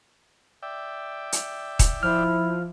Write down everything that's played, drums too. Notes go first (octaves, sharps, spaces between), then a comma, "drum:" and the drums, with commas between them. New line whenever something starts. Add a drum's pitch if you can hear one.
D5 E5 G5
drum: hi-hat
drum: kick D#1, hi-hat
F3 E4 F6